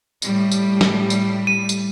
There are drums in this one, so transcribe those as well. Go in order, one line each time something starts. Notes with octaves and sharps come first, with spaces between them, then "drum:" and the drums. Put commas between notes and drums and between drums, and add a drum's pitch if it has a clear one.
A2 G3, drum: tambourine
drum: tambourine
drum: snare
drum: tambourine
D#7
drum: tambourine